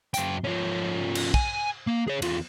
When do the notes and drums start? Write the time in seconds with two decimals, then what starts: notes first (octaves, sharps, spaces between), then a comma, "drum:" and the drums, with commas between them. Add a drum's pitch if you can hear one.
0.14 F#2 G5, drum: hi-hat
0.44 F3 C#4
1.15 drum: cymbal
1.34 G#5, drum: kick
1.87 A#3
2.08 G#4 C#5
2.22 E2 F4, drum: cymbal